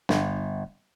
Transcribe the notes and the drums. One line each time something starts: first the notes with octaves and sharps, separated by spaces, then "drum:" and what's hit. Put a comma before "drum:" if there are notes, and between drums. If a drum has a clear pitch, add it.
G1, drum: snare